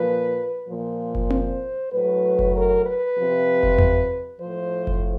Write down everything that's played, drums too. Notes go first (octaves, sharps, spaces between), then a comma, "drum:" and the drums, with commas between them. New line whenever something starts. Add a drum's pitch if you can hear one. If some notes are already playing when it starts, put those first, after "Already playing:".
Already playing: A#2 F3 B4
A#2 F3
drum: kick F#1
C5, drum: tom C4
A2 F#3 B4
drum: kick F#1
A#4
B4
C3 F3
drum: kick F#1
drum: tom E2
A2 F3 C5
drum: kick F#1